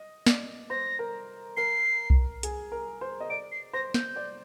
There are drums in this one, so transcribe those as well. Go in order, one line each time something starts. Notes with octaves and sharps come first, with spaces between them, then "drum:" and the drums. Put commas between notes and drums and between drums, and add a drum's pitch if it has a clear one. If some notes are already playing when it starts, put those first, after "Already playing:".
Already playing: D#5
D5, drum: snare
C5 A#6
A#4
A#4 C7
drum: kick B1
G#4, drum: hi-hat
A#4
C5
D#5
D5 D7
C7
C5 A#6
G6, drum: snare
D5